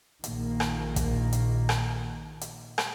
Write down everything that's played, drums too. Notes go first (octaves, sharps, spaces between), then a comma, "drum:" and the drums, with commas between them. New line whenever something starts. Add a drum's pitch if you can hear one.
A#1 D#3 A#3, drum: hi-hat
drum: rim click
drum: kick, hi-hat
drum: hi-hat
drum: rim click
drum: hi-hat
drum: rim click